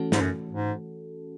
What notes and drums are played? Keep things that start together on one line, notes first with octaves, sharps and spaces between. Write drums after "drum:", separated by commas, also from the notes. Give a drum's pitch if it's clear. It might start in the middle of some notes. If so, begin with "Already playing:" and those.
Already playing: E3 A3 C#4 F#4 A4
G#2, drum: snare
F#2
G#2